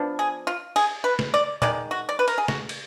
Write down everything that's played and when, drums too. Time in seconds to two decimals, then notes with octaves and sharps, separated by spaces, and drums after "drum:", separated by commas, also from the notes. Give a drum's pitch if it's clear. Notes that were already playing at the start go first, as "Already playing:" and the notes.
Already playing: F3 B3 D4
0.19 G#4
0.47 F4
0.76 G#4, drum: cymbal
1.04 B4
1.19 drum: snare
1.34 D5
1.62 D#3 G#3 D5, drum: tom A#2
1.91 F#4
2.09 D5
2.19 B4
2.28 A#4, drum: cymbal
2.38 G#4
2.48 F#4, drum: snare
2.69 drum: cymbal